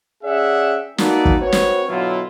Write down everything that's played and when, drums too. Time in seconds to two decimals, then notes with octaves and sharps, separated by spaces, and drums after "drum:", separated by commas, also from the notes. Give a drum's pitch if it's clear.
0.24 C#4 G#4 D5 E5 F#5 G5
0.98 A#3 D#4 F#4 A4 B4 D5, drum: snare
1.25 drum: kick
1.41 C4 F#4 B4 C#5
1.52 drum: snare
1.88 B2 D3 F#3 E4 F4